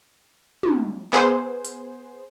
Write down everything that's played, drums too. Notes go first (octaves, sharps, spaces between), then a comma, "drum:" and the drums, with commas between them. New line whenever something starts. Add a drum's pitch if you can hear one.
drum: tom
B3 G#4 C5, drum: clap
drum: hi-hat